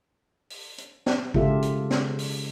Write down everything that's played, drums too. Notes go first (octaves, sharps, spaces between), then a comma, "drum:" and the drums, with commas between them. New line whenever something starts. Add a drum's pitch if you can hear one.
drum: open hi-hat
drum: hi-hat
drum: snare
C#3 G#3 F4 G4 A4 E5, drum: kick G#1
drum: hi-hat
drum: snare
drum: open hi-hat